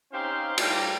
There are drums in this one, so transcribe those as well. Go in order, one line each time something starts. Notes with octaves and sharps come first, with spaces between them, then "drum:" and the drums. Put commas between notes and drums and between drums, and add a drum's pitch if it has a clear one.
C4 C#4 D#4 G4 C5 F5
A2 G3 A#3, drum: cymbal